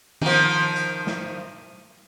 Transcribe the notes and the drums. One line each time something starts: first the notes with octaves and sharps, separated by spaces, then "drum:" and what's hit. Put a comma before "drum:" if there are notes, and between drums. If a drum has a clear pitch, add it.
D#3 F3, drum: tom D3
drum: hi-hat
drum: snare